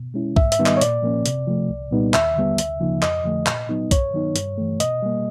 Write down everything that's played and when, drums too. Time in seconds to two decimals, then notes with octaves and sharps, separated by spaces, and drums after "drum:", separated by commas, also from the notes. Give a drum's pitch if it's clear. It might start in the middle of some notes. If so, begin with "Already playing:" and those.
Already playing: B2
0.14 G#3 C#4 E4
0.36 G#2 E5, drum: kick B1
0.52 E5, drum: hi-hat
0.59 D#3 G3 B3 D#4
0.66 D#5, drum: clap
0.77 C#5
0.81 A#2 D5, drum: hi-hat
1.03 F3 A#3 C#4
1.26 C3, drum: hi-hat
1.47 F3 A3
1.69 C2
1.91 A#2 G3 B3 D#4
2.14 D#2 E5, drum: clap
2.36 D3 G3 B3
2.58 D2, drum: hi-hat
2.80 C#3 F3 A#3 D#4
3.02 F2 D#5, drum: clap
3.24 D3 F3 A3
3.47 A#2, drum: clap
3.69 F#3 B3 D#4
3.91 G2 C#5, drum: kick B1, hi-hat
4.13 D#3 F#3 B3 D#4
4.36 G2, drum: hi-hat
4.57 E3 A3
4.80 B2 D#5, drum: hi-hat
5.02 G3 A#3